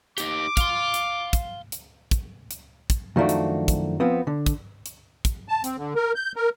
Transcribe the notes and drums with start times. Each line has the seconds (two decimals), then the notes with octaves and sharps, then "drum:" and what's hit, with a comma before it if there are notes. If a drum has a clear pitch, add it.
0.18 D#4 G4 D6, drum: hi-hat
0.57 F5 C6, drum: kick, hi-hat
0.94 drum: hi-hat
1.33 drum: kick, hi-hat
1.72 drum: hi-hat
2.11 drum: kick, hi-hat
2.51 drum: hi-hat
2.90 drum: kick, hi-hat
3.16 F#2 D#3 F3 A3 D4 F#4
3.29 drum: hi-hat
3.68 drum: kick, hi-hat
4.00 F3 B3 C4
4.27 D3
4.46 drum: kick, hi-hat
4.86 drum: hi-hat
5.25 drum: kick, hi-hat
5.48 A5
5.64 C4, drum: hi-hat
5.77 D3
5.95 A#4
6.15 G6
6.36 A#4